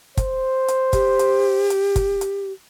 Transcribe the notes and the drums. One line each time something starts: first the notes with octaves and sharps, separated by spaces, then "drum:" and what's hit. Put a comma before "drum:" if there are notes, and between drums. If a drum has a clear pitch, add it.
C5, drum: kick, hi-hat
drum: hi-hat
G4, drum: kick, hi-hat
drum: hi-hat
drum: hi-hat
drum: kick, hi-hat
drum: hi-hat